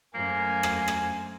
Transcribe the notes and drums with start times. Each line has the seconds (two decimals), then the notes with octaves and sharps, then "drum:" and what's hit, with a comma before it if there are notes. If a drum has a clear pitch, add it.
0.15 F#2 A3 A#3 C5 G#5
0.63 drum: rim click
0.88 drum: rim click